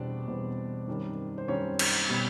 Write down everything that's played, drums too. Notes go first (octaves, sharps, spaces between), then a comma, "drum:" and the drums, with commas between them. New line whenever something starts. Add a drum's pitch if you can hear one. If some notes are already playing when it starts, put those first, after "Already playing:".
Already playing: E2 B2 G3 C4 D4 D5
E2 B2 G3 C4
F#2 D#3 G3 C4
C5
F#2 D#3 G3 C4 C#4 C#5
drum: cymbal
B2 G3 B3